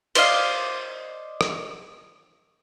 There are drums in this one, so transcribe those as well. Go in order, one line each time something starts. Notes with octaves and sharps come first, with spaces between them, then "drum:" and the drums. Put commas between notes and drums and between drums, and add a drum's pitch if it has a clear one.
C5 D5 D#5 F5, drum: cymbal
drum: rim click